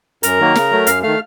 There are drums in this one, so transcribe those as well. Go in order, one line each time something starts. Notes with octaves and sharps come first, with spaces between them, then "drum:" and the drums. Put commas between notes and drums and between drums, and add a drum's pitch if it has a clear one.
F#2 A#4 A#5, drum: hi-hat
D#3 F#3 A#3
C#3, drum: snare
F#3 A3
F#2 F5 F6, drum: hi-hat
D#3 A3 F5 F6